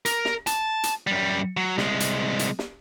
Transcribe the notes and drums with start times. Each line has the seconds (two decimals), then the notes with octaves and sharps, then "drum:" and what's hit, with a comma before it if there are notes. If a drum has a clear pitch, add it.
0.06 A#4, drum: hi-hat
0.25 drum: snare
0.47 A5, drum: hi-hat
0.83 drum: hi-hat
1.07 F#2 G3
1.57 F#3
1.78 C2 G#3, drum: snare
2.00 drum: hi-hat
2.39 drum: hi-hat
2.59 drum: snare